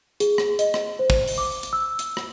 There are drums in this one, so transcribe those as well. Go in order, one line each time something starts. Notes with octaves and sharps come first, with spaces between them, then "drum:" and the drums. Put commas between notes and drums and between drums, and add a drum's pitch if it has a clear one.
G#4, drum: hi-hat
drum: rim click
D#5, drum: hi-hat
drum: rim click
C5
drum: kick
drum: open hi-hat
D6
drum: hi-hat
E6
drum: hi-hat
drum: rim click